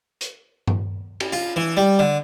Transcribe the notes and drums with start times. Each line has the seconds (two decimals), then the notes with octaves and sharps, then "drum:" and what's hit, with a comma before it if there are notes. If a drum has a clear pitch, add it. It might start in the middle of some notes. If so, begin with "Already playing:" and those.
0.21 drum: hi-hat
0.68 drum: tom G2
1.20 drum: cymbal
1.32 F4
1.56 E3
1.77 G3
1.99 D3